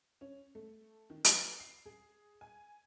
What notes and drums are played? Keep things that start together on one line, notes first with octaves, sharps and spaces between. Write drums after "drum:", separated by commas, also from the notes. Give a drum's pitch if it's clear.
C#4
A3
D#3
B4, drum: hi-hat
C7
G#4
G#5